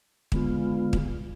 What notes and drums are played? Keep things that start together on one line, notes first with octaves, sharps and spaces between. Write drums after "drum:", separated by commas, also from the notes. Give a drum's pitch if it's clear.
D3 G#3 B3 F4, drum: kick
drum: kick